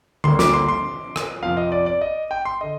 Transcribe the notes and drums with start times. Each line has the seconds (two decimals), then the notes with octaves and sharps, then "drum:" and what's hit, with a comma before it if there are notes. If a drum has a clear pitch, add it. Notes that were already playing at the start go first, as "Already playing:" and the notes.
0.24 D2 D3 G3 A#3 C6, drum: tom D3
0.39 D6, drum: snare
0.54 C6
0.68 C6
1.16 drum: rim click
1.42 F2 C3 F3 C4 F5
1.57 D#5
1.72 D5
1.86 D5
2.01 D#5
2.31 G5
2.45 C6
2.61 D3 D#5